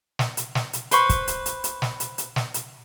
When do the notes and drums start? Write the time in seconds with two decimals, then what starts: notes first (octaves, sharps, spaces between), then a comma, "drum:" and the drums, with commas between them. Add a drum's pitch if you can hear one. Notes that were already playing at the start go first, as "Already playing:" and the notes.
0.19 drum: snare
0.37 drum: hi-hat
0.55 drum: snare
0.73 drum: hi-hat
0.91 B4 C5 B5 C#6, drum: hi-hat
1.09 drum: kick, hi-hat
1.28 drum: hi-hat
1.46 drum: hi-hat
1.64 drum: hi-hat
1.82 drum: snare
2.00 drum: hi-hat
2.18 drum: hi-hat
2.36 drum: snare
2.54 drum: hi-hat